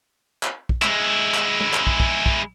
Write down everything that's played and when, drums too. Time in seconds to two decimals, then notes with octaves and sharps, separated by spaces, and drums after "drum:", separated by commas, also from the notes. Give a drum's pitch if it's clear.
0.43 drum: clap
0.69 drum: kick
0.82 G#3 E4, drum: clap
1.35 drum: clap
1.61 drum: tom
1.74 drum: clap
1.87 drum: kick
2.00 drum: kick
2.26 drum: kick